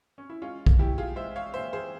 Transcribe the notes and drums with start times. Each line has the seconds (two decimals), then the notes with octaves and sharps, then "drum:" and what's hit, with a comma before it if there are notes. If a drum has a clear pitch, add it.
0.18 C#4
0.30 E4
0.42 G#3 C#4 F4
0.66 drum: kick
0.79 A#2 E4 G4
0.98 F4 G#4
1.16 G#3 C5 E5
1.36 C#5 F5
1.54 A#2 C5 E5
1.73 G#4 C5